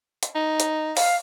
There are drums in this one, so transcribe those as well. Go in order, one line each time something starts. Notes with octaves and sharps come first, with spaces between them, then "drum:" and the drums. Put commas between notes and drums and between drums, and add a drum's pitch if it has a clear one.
drum: hi-hat
D#4
drum: hi-hat
F5, drum: open hi-hat